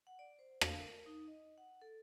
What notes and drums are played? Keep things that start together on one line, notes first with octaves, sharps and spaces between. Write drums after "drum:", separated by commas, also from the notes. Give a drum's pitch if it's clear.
F#5
D5
C5
F5, drum: rim click
A#4
D#4
D#5
F#5
A4